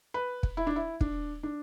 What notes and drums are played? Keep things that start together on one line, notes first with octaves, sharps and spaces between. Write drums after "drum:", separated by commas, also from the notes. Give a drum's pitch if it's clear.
B4
drum: kick
E4
D4
E4
D4, drum: kick
D4